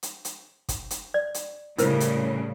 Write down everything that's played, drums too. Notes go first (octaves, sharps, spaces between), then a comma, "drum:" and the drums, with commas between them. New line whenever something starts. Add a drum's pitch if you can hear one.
drum: hi-hat
drum: hi-hat
drum: kick, hi-hat
drum: hi-hat
D5
drum: hi-hat
A2 C#3 G3 E4 A#4 C5, drum: hi-hat
drum: hi-hat